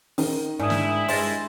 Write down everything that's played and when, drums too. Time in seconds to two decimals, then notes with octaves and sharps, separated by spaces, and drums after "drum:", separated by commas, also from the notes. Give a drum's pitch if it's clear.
0.18 D#3, drum: open hi-hat
0.60 G#2 D4 E4 D#6
0.70 drum: snare
1.08 G2 G#3 C6 A6 A#6, drum: open hi-hat